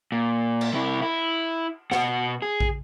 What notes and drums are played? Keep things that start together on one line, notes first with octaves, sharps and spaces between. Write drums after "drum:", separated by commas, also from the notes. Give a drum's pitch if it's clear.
A#2
drum: cymbal
C3 E4
E4
B2 F#5, drum: snare
G#4
drum: kick A#1